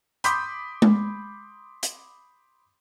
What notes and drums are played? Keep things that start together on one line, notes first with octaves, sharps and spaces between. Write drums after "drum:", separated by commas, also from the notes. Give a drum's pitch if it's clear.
B5 C6 D6 D#6 G6 B6, drum: hi-hat
drum: tom G#3
drum: hi-hat